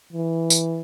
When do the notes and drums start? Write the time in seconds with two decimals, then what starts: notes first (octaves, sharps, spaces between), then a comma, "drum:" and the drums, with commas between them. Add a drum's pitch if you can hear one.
0.13 E3
0.50 drum: tambourine